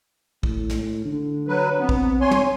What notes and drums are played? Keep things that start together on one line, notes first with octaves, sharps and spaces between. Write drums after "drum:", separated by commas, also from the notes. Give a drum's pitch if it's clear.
A2, drum: kick
drum: snare
D3
F#3 B4
B3 C4
drum: kick
C#5 G#5 C6
drum: tom